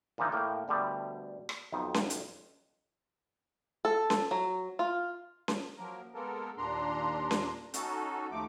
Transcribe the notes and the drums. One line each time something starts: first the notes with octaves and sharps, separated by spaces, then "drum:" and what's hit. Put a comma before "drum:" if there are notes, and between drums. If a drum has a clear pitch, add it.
A#2 D3 E3 F3 D#4
A2 A#3 G5
D2 B2 D3 G3
drum: rim click
B1 F2 D#4
drum: snare C#4
drum: hi-hat
A4
drum: snare C#4
F#3
F4
drum: snare C#4
F3 F#3 A#3 A#4
G#3 A#3 B3 A4 A#4
D#2 A#2 D4 A#5 C6
drum: snare C#4
C#4 D#4 F#4 A4, drum: hi-hat
D#2 F3 A3 D#4 D6